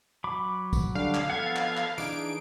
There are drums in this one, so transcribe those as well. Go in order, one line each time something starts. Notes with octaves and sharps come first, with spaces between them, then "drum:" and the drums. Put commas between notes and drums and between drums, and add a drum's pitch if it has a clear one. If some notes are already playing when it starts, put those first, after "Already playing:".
F#3 B5 D6
drum: kick, tambourine
D3 G3 D4 F5
drum: clap
F3 B3 A4 F#5 G#6
drum: clap
drum: clap
E3 D4 D#4 G#4 D7, drum: tambourine